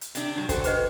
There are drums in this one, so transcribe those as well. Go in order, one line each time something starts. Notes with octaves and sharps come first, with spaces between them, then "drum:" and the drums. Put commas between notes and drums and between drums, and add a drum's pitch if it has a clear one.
drum: hi-hat
C3 D4, drum: hi-hat
G2 F#3
F#4 A4 C5 G5, drum: kick, hi-hat
G#4 B4 D#5, drum: hi-hat